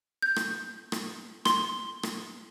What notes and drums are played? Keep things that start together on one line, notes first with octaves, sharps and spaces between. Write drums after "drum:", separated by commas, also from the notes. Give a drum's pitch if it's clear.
G6
drum: rim click
drum: rim click
C6, drum: rim click
drum: rim click